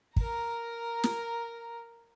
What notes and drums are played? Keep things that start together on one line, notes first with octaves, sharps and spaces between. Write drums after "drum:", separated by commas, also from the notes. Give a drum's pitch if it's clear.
A#4 A#5, drum: kick
drum: snare